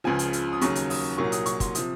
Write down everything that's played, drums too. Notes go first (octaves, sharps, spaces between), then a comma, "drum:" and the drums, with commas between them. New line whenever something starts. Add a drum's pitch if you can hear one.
C#2 C#3 F3 G#5
drum: hi-hat
drum: hi-hat
D#6
D#2 C#3 F#3 C#6, drum: hi-hat
drum: hi-hat
D#6, drum: open hi-hat
C2 A#2 F#3 C#6
D#6, drum: hi-hat
C#6, drum: hi-hat
C6, drum: kick, hi-hat
C3 F3 D#6, drum: hi-hat